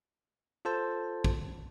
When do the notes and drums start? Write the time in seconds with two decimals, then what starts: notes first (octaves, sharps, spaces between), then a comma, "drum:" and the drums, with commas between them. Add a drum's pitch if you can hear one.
0.65 F4 A4 C5 A5
1.24 drum: kick